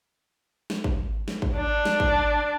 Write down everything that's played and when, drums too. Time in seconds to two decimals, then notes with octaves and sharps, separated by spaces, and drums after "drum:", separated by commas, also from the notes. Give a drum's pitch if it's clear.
0.70 drum: snare
0.84 drum: kick
1.28 drum: snare
1.42 drum: kick
1.57 D4
1.85 drum: snare
2.00 drum: kick